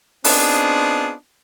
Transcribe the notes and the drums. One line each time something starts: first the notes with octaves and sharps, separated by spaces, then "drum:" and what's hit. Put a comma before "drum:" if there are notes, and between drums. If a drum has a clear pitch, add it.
B3 C4 D4 D#4 F4 G#4, drum: open hi-hat